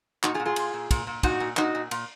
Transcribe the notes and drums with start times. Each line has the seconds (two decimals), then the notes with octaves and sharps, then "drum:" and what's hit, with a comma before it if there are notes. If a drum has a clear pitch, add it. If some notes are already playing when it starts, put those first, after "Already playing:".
0.23 A#2 D#4 F#4, drum: clap
0.34 F4 G#4
0.40 A#2
0.46 F4 G#4
0.56 A#2, drum: cymbal
0.74 A#2
0.91 A#2, drum: kick, cymbal
1.07 A#2
1.23 A#2 D#4 F#4, drum: kick, cymbal
1.40 A#2
1.57 A#2 D#4 F#4, drum: clap
1.75 A#2
1.91 A#2, drum: cymbal